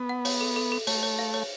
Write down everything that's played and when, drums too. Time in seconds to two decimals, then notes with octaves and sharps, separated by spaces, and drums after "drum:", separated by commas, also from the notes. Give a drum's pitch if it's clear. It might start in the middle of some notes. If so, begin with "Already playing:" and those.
Already playing: B3
0.09 F#5
0.25 C#5, drum: open hi-hat
0.41 A4
0.56 A4
0.72 A4
0.87 A3 C#5, drum: open hi-hat
1.03 C#5
1.19 F5
1.34 C#5